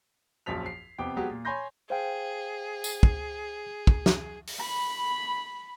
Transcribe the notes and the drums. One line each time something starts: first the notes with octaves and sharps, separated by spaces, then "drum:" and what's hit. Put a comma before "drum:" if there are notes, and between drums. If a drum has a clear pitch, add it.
A#1 F#2 F3 B6 F7
C7
F2 C3 B3 G5 D6
F#3 G#3 B3 F#4 G4
A#2
C#5 G#5 B5 C6 G6 A#6
G#4 C5 F5 G5
drum: tambourine
drum: kick
drum: kick
drum: snare
drum: open hi-hat
B5